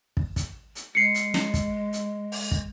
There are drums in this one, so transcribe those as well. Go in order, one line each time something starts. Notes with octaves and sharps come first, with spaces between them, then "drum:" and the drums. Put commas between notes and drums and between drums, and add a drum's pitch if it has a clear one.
drum: kick
drum: kick, hi-hat
drum: hi-hat
G#3 C7 C#7
drum: hi-hat
drum: snare
drum: kick, hi-hat
drum: hi-hat
drum: open hi-hat
drum: kick